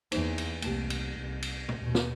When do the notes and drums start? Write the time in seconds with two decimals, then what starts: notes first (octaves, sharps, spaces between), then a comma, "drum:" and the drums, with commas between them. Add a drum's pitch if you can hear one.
0.12 E2 E3 A#3 D#4 C5, drum: cymbal
0.38 drum: cymbal
0.62 C2 A3 A#3 G4, drum: cymbal
0.90 drum: cymbal
1.19 C2
1.42 drum: cymbal
1.69 drum: tom
1.79 D#2 B2
1.95 drum: snare